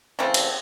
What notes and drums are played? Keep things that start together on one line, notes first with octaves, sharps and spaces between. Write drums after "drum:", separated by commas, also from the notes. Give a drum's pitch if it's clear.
C#3 E3 A3 C4
drum: cymbal